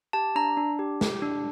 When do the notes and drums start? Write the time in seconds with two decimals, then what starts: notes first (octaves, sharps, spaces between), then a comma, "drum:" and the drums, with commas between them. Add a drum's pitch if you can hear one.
0.13 G4 A5
0.35 D4 A#5
0.57 D4
0.79 G4
1.01 G4, drum: snare
1.22 D4